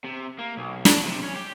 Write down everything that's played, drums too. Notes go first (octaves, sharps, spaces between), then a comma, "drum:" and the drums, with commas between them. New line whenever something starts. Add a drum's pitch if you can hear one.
C3
A#3
B1
D4, drum: snare
C3
C#4
G4